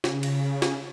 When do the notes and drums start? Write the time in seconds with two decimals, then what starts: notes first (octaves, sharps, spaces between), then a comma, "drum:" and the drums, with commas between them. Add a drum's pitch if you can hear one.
0.04 C#3, drum: snare
0.23 drum: cymbal
0.62 drum: snare